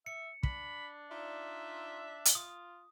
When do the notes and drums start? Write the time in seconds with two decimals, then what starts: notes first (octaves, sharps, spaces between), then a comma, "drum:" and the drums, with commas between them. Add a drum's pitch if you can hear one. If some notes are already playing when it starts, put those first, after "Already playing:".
0.06 E5 C#7
0.43 D4 B5, drum: kick
1.11 D#4 F4 D5 E5
2.25 drum: hi-hat
2.35 F4 D#6